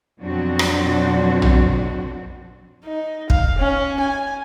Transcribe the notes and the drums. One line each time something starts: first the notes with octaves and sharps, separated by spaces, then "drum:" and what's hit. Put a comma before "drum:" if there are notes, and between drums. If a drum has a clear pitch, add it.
F2 B2 F#3 C4 D4 F#4
drum: rim click
drum: tom
D#4
F5, drum: kick
C#4
G#5